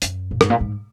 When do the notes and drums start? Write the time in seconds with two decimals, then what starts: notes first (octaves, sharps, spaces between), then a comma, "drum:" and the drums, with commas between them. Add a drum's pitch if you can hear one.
0.02 F#2, drum: hi-hat
0.31 A#2
0.41 G#2, drum: rim click
0.50 A#2
0.60 G#2